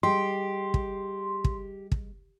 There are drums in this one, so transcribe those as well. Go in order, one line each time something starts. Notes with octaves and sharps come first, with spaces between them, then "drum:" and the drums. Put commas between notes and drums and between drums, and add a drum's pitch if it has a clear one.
G3 G4 G#4 D#5 C6
drum: kick
drum: kick
drum: kick